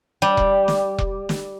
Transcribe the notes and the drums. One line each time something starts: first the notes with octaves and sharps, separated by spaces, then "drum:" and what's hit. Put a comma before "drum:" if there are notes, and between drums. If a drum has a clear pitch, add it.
G3
drum: kick E1
drum: snare
drum: kick E1
drum: snare